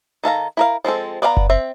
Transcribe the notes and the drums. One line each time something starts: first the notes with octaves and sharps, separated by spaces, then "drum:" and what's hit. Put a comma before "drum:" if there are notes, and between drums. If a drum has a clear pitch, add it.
D#3 A4 F5 A#5
E4 A#4 F5
F3 G#3 C4 A4
B3 D5 F5 F#5 A#5
drum: kick F#1
C4 E5